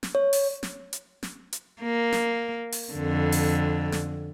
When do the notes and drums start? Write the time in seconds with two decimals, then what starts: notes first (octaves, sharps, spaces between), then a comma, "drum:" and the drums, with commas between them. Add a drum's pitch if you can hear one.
0.03 drum: snare
0.15 C#5
0.33 drum: open hi-hat
0.63 drum: snare
0.93 drum: hi-hat
1.23 drum: snare
1.53 drum: hi-hat
1.83 A#3
2.12 drum: snare
2.72 drum: open hi-hat
2.94 F2 D3
3.32 drum: open hi-hat
3.92 drum: snare